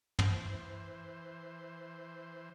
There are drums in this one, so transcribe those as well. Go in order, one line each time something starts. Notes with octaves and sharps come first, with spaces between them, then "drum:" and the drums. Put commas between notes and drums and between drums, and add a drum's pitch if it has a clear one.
E3 C5, drum: tom